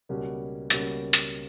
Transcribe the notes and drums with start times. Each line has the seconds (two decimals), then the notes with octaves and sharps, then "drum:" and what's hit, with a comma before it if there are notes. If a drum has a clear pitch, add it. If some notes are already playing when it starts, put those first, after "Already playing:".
0.09 C#2 B2 G3 A#3 C#4
0.70 C#2 B2 G3 A#3 C#4, drum: hi-hat
1.13 drum: hi-hat